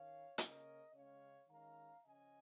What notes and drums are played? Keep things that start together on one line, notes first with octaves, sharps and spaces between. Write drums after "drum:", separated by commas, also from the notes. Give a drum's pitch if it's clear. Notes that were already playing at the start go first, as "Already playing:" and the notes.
Already playing: D#3 C#4 C#5 F5
C#3 A#3 C#4 A#4 D#5, drum: hi-hat
C#3 G#3 C#4 C#5 F5
D#3 G#3 C#4 F5 A#5
C#3 F3 C#4 D#5 G#5